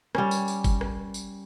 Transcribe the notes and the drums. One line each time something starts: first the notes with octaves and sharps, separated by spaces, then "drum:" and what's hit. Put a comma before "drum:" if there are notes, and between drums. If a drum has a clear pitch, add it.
G3 C#4, drum: rim click
drum: tambourine
drum: tambourine
drum: kick, tambourine
drum: rim click
drum: tambourine